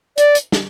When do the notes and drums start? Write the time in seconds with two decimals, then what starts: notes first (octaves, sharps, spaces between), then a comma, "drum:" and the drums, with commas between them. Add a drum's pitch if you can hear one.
0.18 D5, drum: hi-hat
0.35 drum: hi-hat
0.52 drum: snare